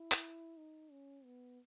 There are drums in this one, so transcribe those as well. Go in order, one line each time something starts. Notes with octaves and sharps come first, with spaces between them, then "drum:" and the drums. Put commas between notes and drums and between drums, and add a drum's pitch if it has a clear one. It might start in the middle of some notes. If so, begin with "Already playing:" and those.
Already playing: E4
drum: clap
D#4
C#4
B3